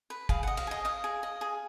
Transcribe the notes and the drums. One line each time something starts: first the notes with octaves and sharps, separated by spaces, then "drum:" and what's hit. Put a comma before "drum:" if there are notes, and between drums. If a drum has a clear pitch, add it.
B4
G#4 F5, drum: kick
D#5 F#5
F5, drum: cymbal
G#4 D#5
D#5 F5
G#4
D#5
G#4